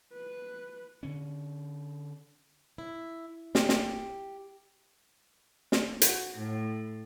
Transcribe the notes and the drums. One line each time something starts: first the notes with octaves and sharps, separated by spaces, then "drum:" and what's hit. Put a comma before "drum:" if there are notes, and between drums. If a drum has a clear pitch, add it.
B4
D3 C#4
E4
G4, drum: snare
drum: snare
drum: snare
F#4, drum: hi-hat
A2